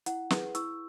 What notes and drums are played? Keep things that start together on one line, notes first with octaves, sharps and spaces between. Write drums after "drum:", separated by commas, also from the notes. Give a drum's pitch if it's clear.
E4 F#5, drum: hi-hat
G#4 B4, drum: snare
E4 C#6 E6, drum: hi-hat